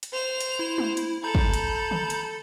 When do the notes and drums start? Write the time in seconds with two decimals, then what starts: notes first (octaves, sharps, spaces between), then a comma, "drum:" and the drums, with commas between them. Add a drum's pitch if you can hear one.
0.03 drum: hi-hat
0.13 C5 F7
0.41 drum: hi-hat
0.59 E4
0.78 drum: tom G#3
0.97 drum: hi-hat
1.24 A4 A#5 B5 G6
1.35 drum: kick
1.54 drum: hi-hat
1.91 drum: tom D3
2.10 drum: hi-hat